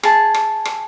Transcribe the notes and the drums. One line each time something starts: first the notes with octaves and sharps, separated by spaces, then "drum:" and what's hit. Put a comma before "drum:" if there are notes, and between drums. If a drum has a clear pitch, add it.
G#4 A5, drum: rim click
drum: rim click
drum: rim click